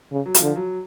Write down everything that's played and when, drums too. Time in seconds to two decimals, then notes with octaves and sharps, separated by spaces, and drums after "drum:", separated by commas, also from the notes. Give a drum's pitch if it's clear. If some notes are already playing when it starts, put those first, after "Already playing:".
0.12 C#3
0.26 F#3
0.34 F3, drum: hi-hat
0.42 D3
0.56 F#3